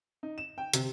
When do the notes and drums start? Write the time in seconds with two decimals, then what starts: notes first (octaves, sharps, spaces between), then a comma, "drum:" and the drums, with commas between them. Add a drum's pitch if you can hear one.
0.23 D#4
0.38 E7
0.58 G5
0.74 C3, drum: hi-hat